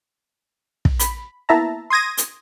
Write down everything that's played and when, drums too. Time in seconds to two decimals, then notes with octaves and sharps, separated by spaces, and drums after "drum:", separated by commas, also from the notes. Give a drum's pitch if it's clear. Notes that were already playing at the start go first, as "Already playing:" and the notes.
0.85 drum: kick
0.99 B5, drum: hi-hat
1.49 A#3 B3 E4 E5 A5 A#5
1.90 C6 D#6 G#6 A#6 D#7
2.17 drum: hi-hat